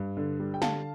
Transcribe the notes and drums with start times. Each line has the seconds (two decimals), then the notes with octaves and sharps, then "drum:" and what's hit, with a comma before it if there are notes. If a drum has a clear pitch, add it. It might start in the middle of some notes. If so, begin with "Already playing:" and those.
Already playing: G2
0.17 D3
0.39 G3
0.54 G5
0.62 D3 F5 A5, drum: snare